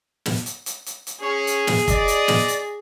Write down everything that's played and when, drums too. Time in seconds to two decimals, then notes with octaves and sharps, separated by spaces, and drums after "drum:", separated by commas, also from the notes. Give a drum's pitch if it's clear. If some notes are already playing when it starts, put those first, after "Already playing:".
0.26 drum: snare
0.46 drum: hi-hat
0.66 drum: hi-hat
0.86 drum: hi-hat
1.07 drum: hi-hat
1.21 C#4 G#4 C#5
1.47 drum: hi-hat
1.67 drum: snare
1.88 D5 D#5, drum: kick F1, hi-hat
2.08 drum: hi-hat
2.28 drum: snare
2.48 drum: hi-hat